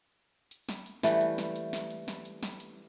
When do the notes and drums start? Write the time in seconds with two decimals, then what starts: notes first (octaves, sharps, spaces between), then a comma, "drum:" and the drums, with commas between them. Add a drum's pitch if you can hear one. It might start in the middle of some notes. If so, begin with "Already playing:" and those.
0.51 drum: hi-hat
0.69 drum: snare
0.86 drum: hi-hat
1.03 E3 G3 A3, drum: snare
1.21 drum: hi-hat
1.38 drum: snare
1.56 drum: hi-hat
1.73 drum: snare
1.90 drum: hi-hat
2.08 drum: snare
2.25 drum: hi-hat
2.43 drum: snare
2.60 drum: hi-hat